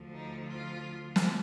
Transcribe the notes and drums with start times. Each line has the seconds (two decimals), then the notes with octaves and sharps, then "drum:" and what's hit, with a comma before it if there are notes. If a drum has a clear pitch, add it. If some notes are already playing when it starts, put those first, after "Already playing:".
Already playing: D2 D3 F3
0.13 D#4
0.47 F4
1.16 drum: snare